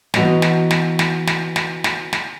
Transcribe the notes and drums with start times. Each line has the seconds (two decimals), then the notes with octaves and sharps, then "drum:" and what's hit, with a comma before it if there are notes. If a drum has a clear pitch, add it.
0.14 E3 B3 F#4 D#5 F5 A#5, drum: snare
0.42 drum: snare
0.71 drum: snare
0.99 drum: snare
1.27 drum: snare
1.56 drum: snare
1.84 drum: snare
2.13 drum: snare